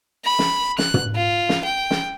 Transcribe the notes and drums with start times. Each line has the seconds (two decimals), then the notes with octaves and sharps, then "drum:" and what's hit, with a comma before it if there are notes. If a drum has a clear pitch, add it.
0.25 B5
0.39 drum: snare
0.78 F#6, drum: snare
0.94 drum: tom
1.15 F4
1.49 drum: snare
1.65 G5
1.91 drum: snare